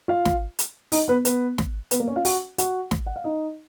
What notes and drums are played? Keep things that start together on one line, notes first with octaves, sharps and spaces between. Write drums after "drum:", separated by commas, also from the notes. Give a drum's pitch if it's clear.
F4 F5
drum: snare
drum: hi-hat
D#4 D#5, drum: open hi-hat
B3 B4
B3 B4, drum: hi-hat
drum: snare
B3 B4, drum: hi-hat
A#3 A#4
C#4 C#5
F4 F5
F#4 F#5, drum: open hi-hat
F#4 F#5, drum: hi-hat
drum: snare
F#5
F5
D#4 D#5